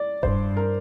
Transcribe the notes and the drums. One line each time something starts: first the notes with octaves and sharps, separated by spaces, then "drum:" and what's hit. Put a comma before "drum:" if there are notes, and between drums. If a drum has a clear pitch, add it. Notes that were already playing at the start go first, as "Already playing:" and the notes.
Already playing: D5
G2 C5, drum: kick E1
A#4